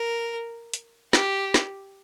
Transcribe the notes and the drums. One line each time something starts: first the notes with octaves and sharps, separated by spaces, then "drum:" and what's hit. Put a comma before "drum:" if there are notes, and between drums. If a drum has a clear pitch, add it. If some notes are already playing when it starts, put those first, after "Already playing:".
Already playing: A#4
drum: hi-hat
G4, drum: snare
drum: snare